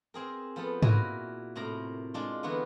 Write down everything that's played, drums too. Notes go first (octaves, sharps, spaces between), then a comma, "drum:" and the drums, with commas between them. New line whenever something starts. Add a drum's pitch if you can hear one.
C4 G#4 A#4
F3 B3 A4
A#2 E4 F#4 A#4 G#5 A#5, drum: tom G#2
A2 C3 A#4 A#5
G#3 D4 F4
D3 E3 B3 F4 F#4